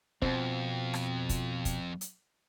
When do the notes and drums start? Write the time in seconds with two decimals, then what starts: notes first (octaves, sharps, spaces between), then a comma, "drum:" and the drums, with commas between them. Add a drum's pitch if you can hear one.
0.22 F2 B2 C4, drum: kick
0.94 drum: rim click
1.29 drum: kick, hi-hat
1.65 drum: kick, hi-hat
2.01 drum: hi-hat